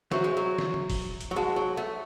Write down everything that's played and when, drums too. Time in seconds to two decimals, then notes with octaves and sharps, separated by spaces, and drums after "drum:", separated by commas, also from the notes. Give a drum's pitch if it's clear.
0.11 F#3 F#4 C5 E5, drum: snare
0.24 G#3
0.37 F#3
0.58 drum: snare
0.74 drum: tom D3
0.90 drum: kick, open hi-hat
1.21 drum: hi-hat
1.31 F#3
1.36 G#3 F#4 C5 F#5 A5
1.56 F#3
1.77 A3